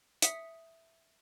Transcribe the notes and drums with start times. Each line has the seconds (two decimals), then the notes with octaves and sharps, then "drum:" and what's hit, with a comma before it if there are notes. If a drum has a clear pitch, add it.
0.22 E5 D#6 B6 C#7, drum: hi-hat